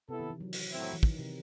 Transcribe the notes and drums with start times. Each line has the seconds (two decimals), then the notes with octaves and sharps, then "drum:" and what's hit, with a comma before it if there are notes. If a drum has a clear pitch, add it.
0.09 C3 B3 E4 A4
0.19 D#3
0.30 E3
0.40 F#3
0.53 drum: open hi-hat
0.72 A2 F#3 C4 E4
0.93 E3
1.03 D#3, drum: kick
1.18 C3